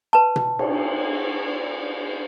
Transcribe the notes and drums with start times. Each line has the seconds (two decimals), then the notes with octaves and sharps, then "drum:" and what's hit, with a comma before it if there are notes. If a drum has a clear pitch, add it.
0.13 B4 A5
0.36 drum: tom B2
0.59 drum: cymbal